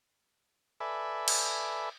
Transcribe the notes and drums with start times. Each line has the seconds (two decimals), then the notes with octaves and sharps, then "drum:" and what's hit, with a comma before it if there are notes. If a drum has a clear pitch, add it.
0.80 A4 B4 D5 E5 G#5 B5
1.28 drum: cymbal